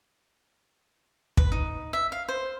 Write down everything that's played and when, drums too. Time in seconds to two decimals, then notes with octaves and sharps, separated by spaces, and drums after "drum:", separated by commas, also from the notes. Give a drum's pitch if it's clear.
1.37 B4, drum: kick
1.52 D#4
1.93 E5
2.12 F5
2.28 C5